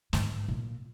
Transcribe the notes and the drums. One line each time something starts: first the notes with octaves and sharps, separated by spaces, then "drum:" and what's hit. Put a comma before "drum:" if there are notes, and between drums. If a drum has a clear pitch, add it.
G#2, drum: snare
A#2